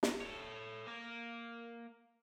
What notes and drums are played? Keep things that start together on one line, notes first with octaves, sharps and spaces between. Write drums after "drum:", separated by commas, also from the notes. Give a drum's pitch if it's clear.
drum: snare
A4 C#5
A#3 A#4